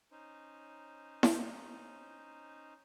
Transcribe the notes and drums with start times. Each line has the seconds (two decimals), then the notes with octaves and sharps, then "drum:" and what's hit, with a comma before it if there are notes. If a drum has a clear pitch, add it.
0.12 C#4 D#4 C5
1.23 drum: snare E4